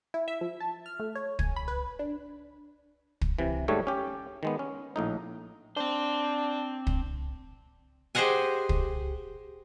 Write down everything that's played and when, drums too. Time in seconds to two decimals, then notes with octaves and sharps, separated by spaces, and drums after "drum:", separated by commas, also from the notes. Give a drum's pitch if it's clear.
0.14 E4
0.28 E5
0.41 F3
0.60 A5
0.86 F6
1.00 A3
1.15 C#5
1.39 G#5, drum: kick
1.56 B5
1.68 B4
1.99 D4
3.21 drum: kick
3.39 C3 E3
3.68 G#2 D3 G3 A3 C#5
3.87 C#4 G4
4.43 D#3 G#3 B3
4.59 C#4
4.96 A#1 A2 D#4
5.77 C4 D4 C5
6.87 drum: kick
8.15 G4 G#4 C5 D#5 F#5 G#5
8.69 drum: kick